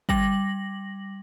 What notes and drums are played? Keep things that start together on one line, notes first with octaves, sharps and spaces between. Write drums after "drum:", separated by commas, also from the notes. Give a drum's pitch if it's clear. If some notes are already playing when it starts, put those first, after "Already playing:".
G3 A#6 F#7, drum: kick